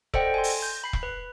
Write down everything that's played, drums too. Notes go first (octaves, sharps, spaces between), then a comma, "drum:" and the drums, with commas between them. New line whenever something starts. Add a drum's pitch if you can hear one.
A4 C5 D5 D#5 F#5 G5, drum: kick E1
G#5 C6
drum: open hi-hat
G6
B5 C7
drum: kick E1
B4